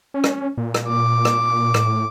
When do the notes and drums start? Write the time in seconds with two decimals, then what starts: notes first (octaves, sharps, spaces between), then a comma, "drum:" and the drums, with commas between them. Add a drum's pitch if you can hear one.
0.14 C#4
0.24 drum: rim click
0.58 A#2
0.74 drum: rim click
0.88 D6
1.25 drum: rim click
1.74 A2, drum: rim click